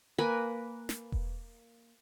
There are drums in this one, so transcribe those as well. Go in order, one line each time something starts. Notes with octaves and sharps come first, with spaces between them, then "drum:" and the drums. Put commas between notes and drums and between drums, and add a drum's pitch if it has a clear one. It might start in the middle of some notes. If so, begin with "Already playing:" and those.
A#3 B4 G#5 B5
drum: snare
drum: kick E1